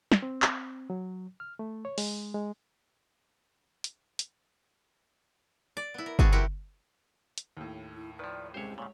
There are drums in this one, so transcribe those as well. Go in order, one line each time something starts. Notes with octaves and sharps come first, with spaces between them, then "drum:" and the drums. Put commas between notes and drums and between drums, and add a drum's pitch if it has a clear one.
drum: snare
C4
drum: clap
F#3
F6
A3
C#5
G#3, drum: open hi-hat
G#3
drum: hi-hat
drum: hi-hat
D5
B3 E4
A#4
B2 G3 C4 F#4 G#4 A5, drum: kick
G#3 E4 G4 A#4 F#5
drum: hi-hat
D#2 A2
E4
D#3 F3 B4 D5
C2 G#3 C#4 G4 C5 C#5
A#2 C#3 G#3 C#5